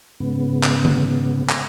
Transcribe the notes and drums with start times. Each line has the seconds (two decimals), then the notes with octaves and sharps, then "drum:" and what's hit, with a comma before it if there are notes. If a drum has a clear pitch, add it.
0.20 G#2 C#3 B3
0.63 drum: clap
0.85 drum: tom D3
1.49 drum: clap